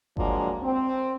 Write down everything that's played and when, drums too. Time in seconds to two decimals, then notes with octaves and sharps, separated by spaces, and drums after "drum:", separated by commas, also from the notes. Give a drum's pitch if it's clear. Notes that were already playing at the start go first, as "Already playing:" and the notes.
0.17 A#2 F3 F#3 G#3 A#3 D4, drum: kick G1
0.62 C4